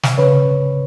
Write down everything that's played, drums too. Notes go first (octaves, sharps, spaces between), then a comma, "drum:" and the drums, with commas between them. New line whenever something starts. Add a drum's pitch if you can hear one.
drum: snare
C#3 B4 C#5